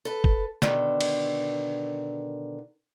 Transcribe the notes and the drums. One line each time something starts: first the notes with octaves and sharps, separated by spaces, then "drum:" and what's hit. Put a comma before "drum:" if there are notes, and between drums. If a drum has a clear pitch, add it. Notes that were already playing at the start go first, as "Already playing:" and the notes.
A4 B4
drum: kick
B2 D3 D#3, drum: snare
drum: cymbal